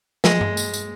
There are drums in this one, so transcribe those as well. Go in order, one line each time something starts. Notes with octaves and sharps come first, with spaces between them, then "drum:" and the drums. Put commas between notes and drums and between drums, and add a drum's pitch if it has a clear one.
F3 G#3, drum: snare
drum: tom G2
drum: tambourine
drum: tambourine